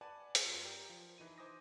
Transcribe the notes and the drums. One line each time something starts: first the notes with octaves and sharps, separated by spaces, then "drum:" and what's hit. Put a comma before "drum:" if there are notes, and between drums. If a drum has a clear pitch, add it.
B4 D5 F#5 G#5 A5
drum: hi-hat
F#2 F4
G4 A#4 D5
F3
E3 D#4 D#7
C5 G#5 D6 D#6 A#6